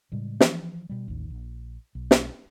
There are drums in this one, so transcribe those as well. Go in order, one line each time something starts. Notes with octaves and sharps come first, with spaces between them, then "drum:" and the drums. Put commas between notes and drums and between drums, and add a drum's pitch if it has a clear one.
A2 C#3 G3 G#3
E3 F3, drum: snare
B2 G3
A1 D#2
A#1
B1
drum: snare